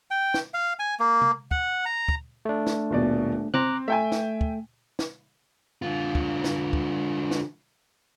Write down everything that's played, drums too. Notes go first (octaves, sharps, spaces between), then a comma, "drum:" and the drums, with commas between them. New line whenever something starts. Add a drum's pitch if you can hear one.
G5
drum: snare
F5
G#5
A#3
drum: tom
F#5, drum: kick
A#5
drum: kick
A3 D4
drum: snare
D#1 B2 D5
C4 A#5 D6 F#6, drum: tom C3
A3 E5 G5 G#5
drum: snare
drum: kick
drum: snare
D3 F4
drum: kick
drum: snare
drum: kick
drum: snare